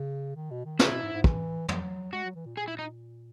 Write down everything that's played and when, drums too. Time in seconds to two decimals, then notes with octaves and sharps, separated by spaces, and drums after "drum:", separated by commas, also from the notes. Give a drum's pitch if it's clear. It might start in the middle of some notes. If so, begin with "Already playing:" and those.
Already playing: C#3
0.36 D#3
0.51 B2
0.65 D#3
0.79 C#3 E4, drum: snare
0.91 B2
1.03 G#2
1.13 G#2
1.24 E3, drum: kick
1.68 F#3, drum: tom
2.13 G#3 F#4
2.24 F#3
2.35 E3
2.46 A#2
2.57 A#2 G#4
2.68 E4
2.79 D#4